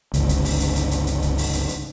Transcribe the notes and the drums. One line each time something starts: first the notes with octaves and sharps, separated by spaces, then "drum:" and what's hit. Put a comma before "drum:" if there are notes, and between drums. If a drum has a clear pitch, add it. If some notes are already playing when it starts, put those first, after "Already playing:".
G1 C#2, drum: hi-hat
drum: kick C2, hi-hat
drum: open hi-hat
drum: hi-hat
drum: hi-hat
drum: hi-hat
drum: hi-hat
drum: kick C2, hi-hat
drum: open hi-hat
drum: hi-hat
drum: hi-hat